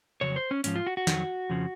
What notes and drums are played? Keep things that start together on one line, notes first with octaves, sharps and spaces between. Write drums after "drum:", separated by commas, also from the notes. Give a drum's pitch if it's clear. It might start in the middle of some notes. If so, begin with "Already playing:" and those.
F2 C#3 F#3 C#5
C5
C#4
G#2 F3 C#4, drum: hi-hat
F4
F#4
F#4
F2 D#3 F#3, drum: snare
F2 C#3 F3